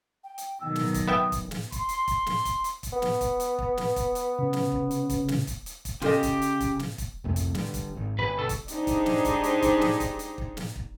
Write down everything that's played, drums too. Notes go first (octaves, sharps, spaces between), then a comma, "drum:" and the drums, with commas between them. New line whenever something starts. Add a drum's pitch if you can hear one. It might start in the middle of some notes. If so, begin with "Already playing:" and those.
G5
drum: hi-hat
B2 D#3 F#3 E6
drum: snare
drum: kick, hi-hat
B3 E5 G5 D#6
drum: kick, hi-hat
drum: snare
C6, drum: kick, hi-hat
drum: hi-hat
drum: kick, hi-hat
drum: snare
drum: kick, hi-hat
drum: hi-hat
drum: kick, hi-hat
B3
drum: snare
drum: kick, hi-hat
drum: hi-hat
drum: kick
drum: snare
drum: kick, hi-hat
drum: hi-hat
C#3
drum: snare
drum: kick
drum: hi-hat
drum: kick, hi-hat
drum: snare
drum: kick, hi-hat
drum: hi-hat
drum: kick, hi-hat
C#3 F4 G4 A4 D#5, drum: snare
drum: kick, hi-hat
drum: hi-hat
drum: kick, hi-hat
drum: snare
drum: kick, hi-hat
C2 F2 A3
drum: kick, hi-hat
D3 G3, drum: snare
drum: kick, hi-hat
G#1
G1 B4 B5
B2 A4
drum: kick, hi-hat
D4 D#4 G4 G#4 C5, drum: hi-hat
drum: kick, hi-hat
drum: snare
drum: kick, hi-hat
drum: hi-hat
drum: kick, hi-hat
drum: snare
drum: kick, hi-hat
drum: hi-hat
drum: kick
drum: snare
drum: kick